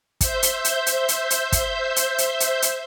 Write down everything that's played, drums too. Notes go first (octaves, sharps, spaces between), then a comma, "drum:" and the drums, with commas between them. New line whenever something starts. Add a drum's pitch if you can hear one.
C5 E5 G6, drum: kick, hi-hat
drum: hi-hat
drum: hi-hat
drum: hi-hat
drum: hi-hat
drum: hi-hat
drum: kick, hi-hat
drum: hi-hat
drum: hi-hat
drum: hi-hat
drum: hi-hat